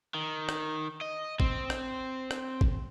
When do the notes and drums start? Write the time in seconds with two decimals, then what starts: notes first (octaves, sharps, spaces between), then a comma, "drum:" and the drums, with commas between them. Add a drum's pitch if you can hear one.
0.15 D#3
0.49 drum: rim click
1.01 D#5
1.40 C4, drum: kick
1.70 drum: rim click
2.31 drum: rim click
2.61 drum: kick